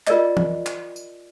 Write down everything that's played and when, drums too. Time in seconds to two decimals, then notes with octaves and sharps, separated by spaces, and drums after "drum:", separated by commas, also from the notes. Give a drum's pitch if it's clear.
0.07 F4 A#4 D5 D#5, drum: clap
0.37 drum: tom E3
0.66 drum: clap
0.96 drum: tambourine